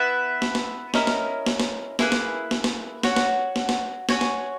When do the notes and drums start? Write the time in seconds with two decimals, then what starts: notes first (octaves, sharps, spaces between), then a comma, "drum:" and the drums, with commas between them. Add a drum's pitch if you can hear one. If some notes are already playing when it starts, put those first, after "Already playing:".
Already playing: B3 E4 B4 E5
0.42 drum: snare
0.55 drum: snare
0.94 C#4 E4 A#4 D#5, drum: snare
1.07 drum: snare
1.46 drum: snare
1.60 drum: snare
1.99 A#3 E4 G#4 B4, drum: snare
2.12 drum: snare
2.51 drum: snare
2.64 drum: snare
3.03 F#4 C#5 F#5, drum: snare
3.16 drum: snare
3.56 drum: snare
3.69 drum: snare
4.09 F#4 C#5 G#5, drum: snare
4.21 drum: snare